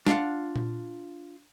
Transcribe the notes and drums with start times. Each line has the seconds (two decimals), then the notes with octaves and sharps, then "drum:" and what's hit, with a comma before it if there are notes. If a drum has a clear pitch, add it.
0.07 D4 F4 F5 F#5, drum: snare
0.56 drum: tom A#2